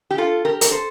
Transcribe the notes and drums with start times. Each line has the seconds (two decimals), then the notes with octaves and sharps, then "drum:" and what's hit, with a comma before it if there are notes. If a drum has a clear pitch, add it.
0.11 G4
0.18 F4 A4
0.45 G4 A#4
0.61 A#4, drum: hi-hat
0.71 A4 C5